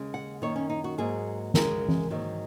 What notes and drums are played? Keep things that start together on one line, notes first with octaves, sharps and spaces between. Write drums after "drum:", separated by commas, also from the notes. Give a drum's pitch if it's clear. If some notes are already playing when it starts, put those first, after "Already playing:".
Already playing: D#2 C#3 G#3
F#5
F#2 D#3 A#3 C#5
C#4
D#4
F#4
G#2 F#3 A#3 G#4
F#2 C#3 G#3 A#4, drum: snare
drum: tom E3
G#2 D#3 F#3 A#3